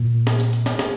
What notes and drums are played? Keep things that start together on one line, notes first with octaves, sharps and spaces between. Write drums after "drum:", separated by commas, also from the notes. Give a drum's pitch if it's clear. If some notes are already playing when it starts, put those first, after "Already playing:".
Already playing: A#2
drum: snare
drum: hi-hat
drum: hi-hat
drum: snare
drum: snare